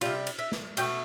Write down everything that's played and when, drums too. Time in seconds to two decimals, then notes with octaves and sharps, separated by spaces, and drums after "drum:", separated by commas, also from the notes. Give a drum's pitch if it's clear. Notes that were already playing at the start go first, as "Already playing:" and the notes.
0.01 C3 G3 F4, drum: cymbal
0.27 drum: cymbal
0.39 E5
0.52 drum: snare
0.77 B2 A3 G5, drum: cymbal